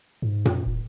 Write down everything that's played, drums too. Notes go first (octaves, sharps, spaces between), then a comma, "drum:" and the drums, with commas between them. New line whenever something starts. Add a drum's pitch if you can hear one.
G#2
F#2, drum: tom A#2
E1